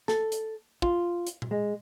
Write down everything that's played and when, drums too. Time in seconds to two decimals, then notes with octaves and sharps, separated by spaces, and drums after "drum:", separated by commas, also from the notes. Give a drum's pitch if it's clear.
0.08 A4, drum: snare
0.32 drum: hi-hat
0.82 F4, drum: kick
1.27 drum: hi-hat
1.42 drum: tom A#2
1.51 G#3